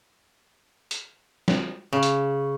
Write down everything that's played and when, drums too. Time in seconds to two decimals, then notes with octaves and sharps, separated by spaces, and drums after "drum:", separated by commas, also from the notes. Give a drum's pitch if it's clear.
0.91 drum: hi-hat
1.48 drum: snare
1.93 C#3
2.03 drum: hi-hat